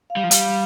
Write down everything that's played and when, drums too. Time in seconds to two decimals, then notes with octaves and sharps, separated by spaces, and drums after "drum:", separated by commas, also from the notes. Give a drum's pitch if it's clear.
0.10 F5
0.17 G3
0.24 F3
0.31 G3, drum: hi-hat